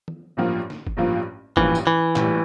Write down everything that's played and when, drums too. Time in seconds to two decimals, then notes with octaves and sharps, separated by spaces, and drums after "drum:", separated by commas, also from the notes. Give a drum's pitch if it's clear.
0.08 drum: tom
0.37 A1 G2 F3 A#3 F4
0.70 drum: snare
0.87 drum: kick F#1
0.97 A1 G2 F3 A#3 F4
1.57 A1 G2 E3 F3 A#3 F4, drum: kick F#1
1.75 drum: tambourine
1.87 E3
2.16 A#1 A2 G3, drum: clap